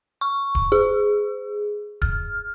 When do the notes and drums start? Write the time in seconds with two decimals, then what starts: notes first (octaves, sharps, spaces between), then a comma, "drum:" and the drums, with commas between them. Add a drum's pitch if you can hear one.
0.21 C#6
0.55 drum: kick D1
0.72 G#4
2.02 F6, drum: kick D1